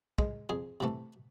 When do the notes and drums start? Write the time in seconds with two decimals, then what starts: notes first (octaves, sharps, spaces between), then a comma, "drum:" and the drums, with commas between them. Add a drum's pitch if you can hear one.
0.18 G#3, drum: kick
0.49 F2 G#4
0.80 C3 E3 A3